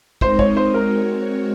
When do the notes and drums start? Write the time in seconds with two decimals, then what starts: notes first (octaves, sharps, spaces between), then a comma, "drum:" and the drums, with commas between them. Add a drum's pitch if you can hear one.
0.21 G#3 C4 D#4 A#4 C5 D#5, drum: kick
0.39 C#5, drum: kick
0.57 C5
0.74 G#3 C4 F#4 A#4 C#5